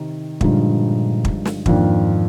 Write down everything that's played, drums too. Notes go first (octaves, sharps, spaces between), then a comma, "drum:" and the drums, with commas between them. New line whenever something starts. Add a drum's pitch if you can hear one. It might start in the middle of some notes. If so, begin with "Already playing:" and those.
Already playing: C3 D#3 D#4
G2 A#2 D3 F3 G#3 D#4, drum: kick
drum: kick
drum: snare
F2 G#2 D#3 A#3 D4 F4, drum: kick